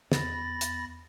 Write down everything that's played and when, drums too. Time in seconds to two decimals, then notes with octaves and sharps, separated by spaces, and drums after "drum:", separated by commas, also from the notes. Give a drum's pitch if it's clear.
0.12 E2 B5 A6 A#6, drum: snare
0.61 drum: hi-hat